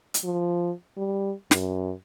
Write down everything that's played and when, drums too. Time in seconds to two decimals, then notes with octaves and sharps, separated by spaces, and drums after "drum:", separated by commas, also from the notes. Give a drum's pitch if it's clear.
0.14 drum: hi-hat
0.24 F3
0.97 G3
1.51 F#2, drum: snare